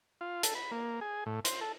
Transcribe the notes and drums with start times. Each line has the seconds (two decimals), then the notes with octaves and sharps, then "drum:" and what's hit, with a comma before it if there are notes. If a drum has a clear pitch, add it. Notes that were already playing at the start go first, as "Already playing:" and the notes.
0.21 F4
0.43 A4, drum: hi-hat
0.55 B5
0.71 A#3
1.01 G#4
1.26 A2
1.45 C5, drum: hi-hat
1.61 A4